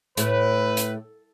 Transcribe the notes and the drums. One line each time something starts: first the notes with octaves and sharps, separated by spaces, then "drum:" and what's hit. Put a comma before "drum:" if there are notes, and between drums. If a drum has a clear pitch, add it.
A2 B4, drum: hi-hat
drum: hi-hat